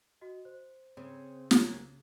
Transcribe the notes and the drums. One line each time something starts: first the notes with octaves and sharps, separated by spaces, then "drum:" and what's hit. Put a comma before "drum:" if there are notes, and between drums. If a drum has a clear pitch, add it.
F#4 D#5
C5
C#3 C4
F#3 A#3 G#4, drum: snare